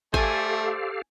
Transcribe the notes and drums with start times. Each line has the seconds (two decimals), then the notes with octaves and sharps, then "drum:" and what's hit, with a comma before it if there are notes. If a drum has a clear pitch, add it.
0.14 A3 G4 A4 C5 D5 F5 G#5, drum: kick G#1